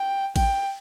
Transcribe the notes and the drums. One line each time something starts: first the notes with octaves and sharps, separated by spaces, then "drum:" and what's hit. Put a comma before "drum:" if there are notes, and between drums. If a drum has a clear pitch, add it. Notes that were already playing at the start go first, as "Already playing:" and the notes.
Already playing: G5
G5, drum: kick A1, cymbal